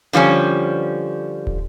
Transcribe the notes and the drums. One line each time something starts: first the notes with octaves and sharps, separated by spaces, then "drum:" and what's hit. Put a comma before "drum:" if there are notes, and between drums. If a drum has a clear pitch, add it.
D3 F3 G3 C#4
drum: kick